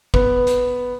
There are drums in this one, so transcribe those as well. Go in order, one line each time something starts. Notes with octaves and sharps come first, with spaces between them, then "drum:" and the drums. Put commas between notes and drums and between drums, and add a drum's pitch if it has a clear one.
B3, drum: kick
drum: hi-hat